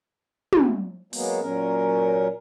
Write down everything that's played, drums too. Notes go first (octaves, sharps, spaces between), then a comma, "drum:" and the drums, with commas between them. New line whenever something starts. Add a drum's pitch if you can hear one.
drum: tom
F#3 G#3 A#3 B3, drum: open hi-hat
A#2 F#3 C#4 A#4